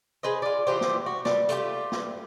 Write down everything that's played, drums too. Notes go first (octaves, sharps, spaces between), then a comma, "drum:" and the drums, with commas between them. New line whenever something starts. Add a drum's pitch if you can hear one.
G#4 B4 C5 D#5
F4 D5
E3 F4 G4 C5
drum: snare
F#4
G3, drum: snare
A3 F4 G4, drum: hi-hat
drum: snare